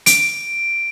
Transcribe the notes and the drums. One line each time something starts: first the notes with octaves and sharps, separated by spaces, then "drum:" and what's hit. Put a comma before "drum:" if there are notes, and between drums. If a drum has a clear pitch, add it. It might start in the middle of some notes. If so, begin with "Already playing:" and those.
D7, drum: hi-hat